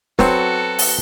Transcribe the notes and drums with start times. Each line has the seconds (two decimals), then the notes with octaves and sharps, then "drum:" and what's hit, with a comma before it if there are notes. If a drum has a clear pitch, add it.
0.19 F#3 C4 F#4 A4 B4, drum: snare
0.79 drum: open hi-hat